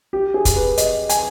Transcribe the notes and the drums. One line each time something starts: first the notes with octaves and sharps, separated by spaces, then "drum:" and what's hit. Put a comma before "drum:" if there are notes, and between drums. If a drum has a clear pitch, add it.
G4
G#4
drum: kick, hi-hat
B4
D#5, drum: hi-hat
G#5, drum: hi-hat